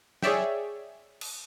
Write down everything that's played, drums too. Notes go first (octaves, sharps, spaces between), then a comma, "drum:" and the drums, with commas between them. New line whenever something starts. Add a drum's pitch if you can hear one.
G#4 C#5 D5 E5 G5, drum: snare
drum: cymbal